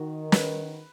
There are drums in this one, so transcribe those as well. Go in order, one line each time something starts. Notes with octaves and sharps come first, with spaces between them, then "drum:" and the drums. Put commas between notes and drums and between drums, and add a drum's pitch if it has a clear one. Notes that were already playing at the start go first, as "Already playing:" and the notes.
Already playing: D#3 F#4
B4, drum: snare